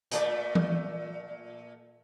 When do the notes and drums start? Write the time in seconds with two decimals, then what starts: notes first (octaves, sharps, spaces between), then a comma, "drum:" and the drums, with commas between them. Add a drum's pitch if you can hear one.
0.12 A#2 A3 D5, drum: hi-hat
0.55 drum: tom E3